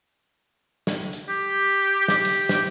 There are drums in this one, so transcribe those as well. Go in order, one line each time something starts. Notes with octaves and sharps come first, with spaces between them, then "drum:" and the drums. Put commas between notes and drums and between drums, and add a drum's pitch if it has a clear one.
drum: snare
drum: hi-hat
G4
G4, drum: snare
drum: cymbal
drum: snare